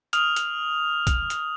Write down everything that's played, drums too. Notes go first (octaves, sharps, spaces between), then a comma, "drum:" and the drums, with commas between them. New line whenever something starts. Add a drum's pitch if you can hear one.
D#6 F6 F7, drum: hi-hat
drum: hi-hat
drum: kick, hi-hat
drum: hi-hat